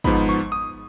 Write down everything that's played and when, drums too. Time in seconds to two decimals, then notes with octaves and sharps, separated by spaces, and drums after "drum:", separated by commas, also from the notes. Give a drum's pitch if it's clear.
0.04 G#2 F3 B3 D#4 B5, drum: kick
0.29 C#6
0.52 D#6